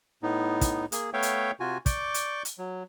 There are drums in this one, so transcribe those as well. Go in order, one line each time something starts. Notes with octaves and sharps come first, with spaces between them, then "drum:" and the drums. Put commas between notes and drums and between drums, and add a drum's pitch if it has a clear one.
A2 B3 D#4
drum: kick, hi-hat
A#3 G#4, drum: hi-hat
A3 B3 C#5 E5 F5 G5
drum: hi-hat
C3 F4 F#4 G#5
D5 C#6 D6 G6, drum: kick, hi-hat
drum: hi-hat
drum: hi-hat
F#3